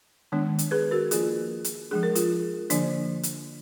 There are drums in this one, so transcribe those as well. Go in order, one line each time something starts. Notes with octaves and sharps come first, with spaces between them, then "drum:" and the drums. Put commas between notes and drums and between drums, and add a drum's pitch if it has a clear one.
D#3 G#3 B3 D4
drum: hi-hat
G#4 B4
F#4 A#4
F3 A#3 D4 F4 G#4, drum: hi-hat
drum: hi-hat
F3 G#3 D4 G#4
A#4
F4 G#4, drum: hi-hat
D3 F3 A#3 D4, drum: hi-hat
drum: hi-hat